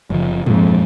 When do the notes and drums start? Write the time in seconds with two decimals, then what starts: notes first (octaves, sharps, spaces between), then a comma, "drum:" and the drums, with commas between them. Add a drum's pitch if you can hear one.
0.10 F#1 F3, drum: tom C3
0.46 F2 A#2 G#3, drum: tom G2